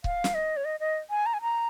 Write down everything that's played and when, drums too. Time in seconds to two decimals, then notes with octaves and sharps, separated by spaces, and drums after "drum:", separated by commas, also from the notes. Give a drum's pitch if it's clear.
0.04 F5, drum: kick C#1
0.24 drum: snare
0.34 D#5
0.57 C#5
0.65 D#5
0.80 D#5
1.10 G#5
1.26 A#5
1.34 G#5
1.42 A#5